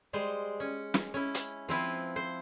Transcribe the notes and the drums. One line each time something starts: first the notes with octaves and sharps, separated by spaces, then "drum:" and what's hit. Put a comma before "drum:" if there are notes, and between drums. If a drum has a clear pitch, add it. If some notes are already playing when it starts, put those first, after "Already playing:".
G3 G#3 C5
C#4
drum: snare
C#4 E4
drum: hi-hat
F3 C4 E4 B4
C5